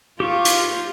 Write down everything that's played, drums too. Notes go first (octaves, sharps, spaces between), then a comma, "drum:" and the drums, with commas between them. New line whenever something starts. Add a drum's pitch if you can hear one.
F4 G4 C#6
drum: hi-hat